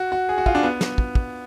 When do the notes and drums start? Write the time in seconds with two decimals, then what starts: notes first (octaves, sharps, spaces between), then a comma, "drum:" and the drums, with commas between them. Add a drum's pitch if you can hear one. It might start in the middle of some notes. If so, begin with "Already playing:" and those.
Already playing: F#4
0.12 F#4
0.29 G#4
0.38 F#4
0.46 F4, drum: kick
0.55 D4
0.63 B3
0.81 drum: snare
0.98 drum: kick
1.15 drum: kick